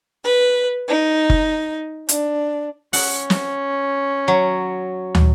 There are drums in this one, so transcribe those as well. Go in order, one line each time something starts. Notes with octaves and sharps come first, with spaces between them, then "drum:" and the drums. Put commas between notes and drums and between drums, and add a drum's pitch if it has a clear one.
B4
D#4
drum: kick F#1
D4, drum: hi-hat
C#4 F#5, drum: open hi-hat
drum: snare
F#3
drum: tom